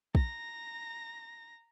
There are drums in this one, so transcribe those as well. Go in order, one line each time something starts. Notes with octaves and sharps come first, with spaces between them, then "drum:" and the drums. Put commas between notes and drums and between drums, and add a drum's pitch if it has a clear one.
A#5 A#6, drum: kick